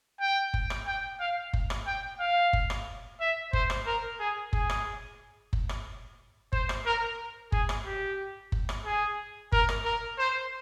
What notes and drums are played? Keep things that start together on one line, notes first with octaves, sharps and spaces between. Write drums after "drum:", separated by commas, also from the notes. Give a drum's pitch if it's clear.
G5
drum: kick F#1
drum: rim click
G5
F5
drum: kick F#1
drum: rim click
G5
F5
drum: kick F#1
drum: rim click
E5
C5, drum: kick F#1
drum: rim click
A#4
G#4
G#4, drum: kick F#1
drum: rim click
drum: kick F#1
drum: rim click
C5, drum: kick F#1
drum: rim click
A#4
G#4, drum: kick F#1
drum: rim click
G4
drum: kick F#1
drum: rim click
G#4
A#4, drum: kick F#1
drum: rim click
A#4
C5